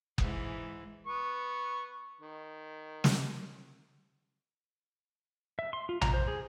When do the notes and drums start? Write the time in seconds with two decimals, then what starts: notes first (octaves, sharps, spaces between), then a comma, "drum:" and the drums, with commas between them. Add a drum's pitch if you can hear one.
0.18 G#2 E3, drum: kick F#1
1.07 B3 C#6
2.21 D#3
3.04 drum: snare
5.59 E5
5.73 C6
5.89 F4
6.01 A#5, drum: tom A#1
6.14 C5
6.28 G#4